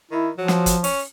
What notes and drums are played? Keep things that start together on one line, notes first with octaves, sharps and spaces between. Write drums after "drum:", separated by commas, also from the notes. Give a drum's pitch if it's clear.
D#3 E4
F3 F#3
drum: snare
drum: kick, hi-hat
C#4, drum: open hi-hat